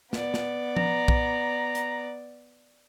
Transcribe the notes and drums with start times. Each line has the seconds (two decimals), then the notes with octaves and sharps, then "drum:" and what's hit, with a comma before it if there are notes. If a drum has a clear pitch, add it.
0.13 B3 D5, drum: snare
0.34 drum: snare
0.77 A#5, drum: tom F3
1.08 drum: kick B1
1.75 drum: hi-hat